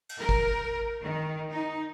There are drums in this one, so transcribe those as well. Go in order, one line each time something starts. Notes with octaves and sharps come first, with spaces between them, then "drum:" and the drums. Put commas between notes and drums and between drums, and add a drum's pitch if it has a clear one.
drum: cymbal
A#4
drum: kick G#1
D#3
D#4